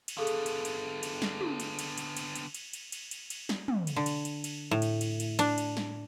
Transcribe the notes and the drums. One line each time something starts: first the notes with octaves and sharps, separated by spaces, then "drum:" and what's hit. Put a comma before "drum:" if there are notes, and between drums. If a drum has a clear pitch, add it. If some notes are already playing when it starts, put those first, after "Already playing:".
drum: cymbal
D3 B3 G#4 A4 F5
drum: cymbal
drum: cymbal
drum: cymbal
drum: cymbal
drum: snare
drum: tom
drum: cymbal
drum: cymbal
drum: cymbal
drum: cymbal
drum: cymbal
drum: cymbal
drum: cymbal
drum: cymbal
drum: cymbal
drum: cymbal
drum: snare
drum: tom
drum: cymbal
D3
drum: cymbal
drum: cymbal
drum: cymbal
A2
drum: cymbal
drum: cymbal
drum: cymbal
D4, drum: cymbal
drum: cymbal
drum: snare